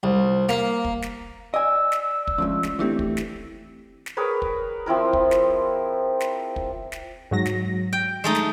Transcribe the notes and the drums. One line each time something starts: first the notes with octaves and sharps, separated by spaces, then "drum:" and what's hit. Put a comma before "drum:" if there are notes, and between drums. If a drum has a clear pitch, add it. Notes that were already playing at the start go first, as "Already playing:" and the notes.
C2
A#3, drum: snare
drum: kick
drum: snare
D5 D#5 G#5 E6
drum: snare
drum: kick
D2 F3 G#3 C#4
drum: snare
E3 A3 C4 D4 E4 G4
drum: kick
drum: snare
drum: snare
G#4 A#4 B4 C#5
drum: kick
F3 C4 E4 A#4
drum: kick
drum: snare
drum: snare
drum: kick
drum: snare
G#2 F#3 A#6
drum: snare
G5
G#3 A3 D#4
drum: snare